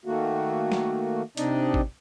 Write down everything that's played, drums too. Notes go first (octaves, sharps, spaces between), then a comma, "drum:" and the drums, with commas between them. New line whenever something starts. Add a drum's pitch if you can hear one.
D#3 A3 A#3 F#4
drum: snare
C3 C4 D4 D#4 D5 D#5, drum: hi-hat
drum: kick G#1